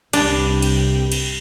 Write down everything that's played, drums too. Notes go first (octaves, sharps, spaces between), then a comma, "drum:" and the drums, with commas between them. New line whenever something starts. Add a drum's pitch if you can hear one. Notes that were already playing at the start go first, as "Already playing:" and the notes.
C2 G2 C3 D4 G5, drum: cymbal
drum: cymbal
drum: cymbal